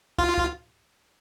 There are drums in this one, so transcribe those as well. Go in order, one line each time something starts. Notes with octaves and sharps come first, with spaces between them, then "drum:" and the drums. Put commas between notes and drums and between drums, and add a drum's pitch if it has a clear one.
F4, drum: kick
drum: kick